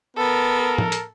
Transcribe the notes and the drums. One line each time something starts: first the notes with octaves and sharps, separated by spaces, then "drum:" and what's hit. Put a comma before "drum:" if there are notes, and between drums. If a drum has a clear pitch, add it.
B3 A4 A#4
drum: tom A2
drum: hi-hat